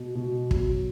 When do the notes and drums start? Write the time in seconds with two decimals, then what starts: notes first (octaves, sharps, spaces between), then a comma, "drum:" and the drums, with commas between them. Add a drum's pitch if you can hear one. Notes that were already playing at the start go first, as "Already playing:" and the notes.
Already playing: B2
0.15 B2
0.51 F#3, drum: kick